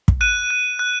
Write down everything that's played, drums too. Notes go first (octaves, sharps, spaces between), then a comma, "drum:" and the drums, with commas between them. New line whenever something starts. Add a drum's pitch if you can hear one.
drum: kick
F#6 D#7
F#6
F#6